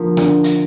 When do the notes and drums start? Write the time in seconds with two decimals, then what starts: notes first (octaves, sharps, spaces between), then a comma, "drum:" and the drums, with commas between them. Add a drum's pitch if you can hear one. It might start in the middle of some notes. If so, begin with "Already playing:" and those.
Already playing: D3 F3 A#3
0.17 D3, drum: rim click
0.44 drum: hi-hat